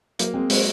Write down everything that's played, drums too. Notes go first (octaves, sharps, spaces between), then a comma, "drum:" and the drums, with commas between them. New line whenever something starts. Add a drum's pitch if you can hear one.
F#3 A#3, drum: hi-hat
G#3 C4
F#3 G#3, drum: open hi-hat